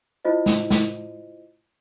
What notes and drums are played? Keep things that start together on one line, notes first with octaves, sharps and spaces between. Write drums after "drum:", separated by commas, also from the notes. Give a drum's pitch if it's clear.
E4 F4 C5 D#5
drum: snare
drum: snare